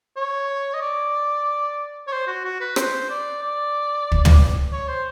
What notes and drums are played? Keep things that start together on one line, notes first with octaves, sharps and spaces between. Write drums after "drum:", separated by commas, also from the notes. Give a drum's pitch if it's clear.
C#5
D#5
D5
C#5
C5
F#4
F#4
B4
C5, drum: rim click
D5
D5
drum: kick
drum: tom
C#5
C5